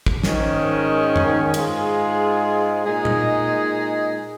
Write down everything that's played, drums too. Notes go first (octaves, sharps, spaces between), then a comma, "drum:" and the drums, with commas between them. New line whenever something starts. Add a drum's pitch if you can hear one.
drum: kick
G#2 D#3 C#4, drum: snare
drum: tom F#2
G#2 G#3 F4 G#4, drum: cymbal
A#2 G#3 D#4 G#4 D#5
drum: tom A#2